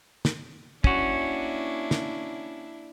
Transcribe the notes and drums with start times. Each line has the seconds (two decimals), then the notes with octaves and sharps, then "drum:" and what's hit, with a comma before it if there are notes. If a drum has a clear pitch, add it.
0.25 drum: snare
0.84 A#3 C#4 D4 E4 F#4, drum: kick
1.91 drum: snare